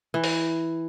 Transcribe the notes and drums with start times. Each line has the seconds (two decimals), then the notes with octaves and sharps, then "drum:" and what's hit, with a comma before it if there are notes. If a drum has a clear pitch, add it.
0.14 E3
0.24 drum: open hi-hat